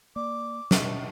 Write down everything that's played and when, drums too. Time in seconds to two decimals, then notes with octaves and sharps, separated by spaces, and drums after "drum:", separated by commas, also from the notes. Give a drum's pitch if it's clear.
0.16 A#3 D5 D6
0.71 B2 D#5 E5 C#6, drum: snare